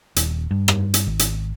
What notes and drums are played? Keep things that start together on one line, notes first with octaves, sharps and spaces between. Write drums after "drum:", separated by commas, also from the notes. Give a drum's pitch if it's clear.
D#1, drum: hi-hat
G2
drum: rim click
drum: hi-hat
G#1
drum: hi-hat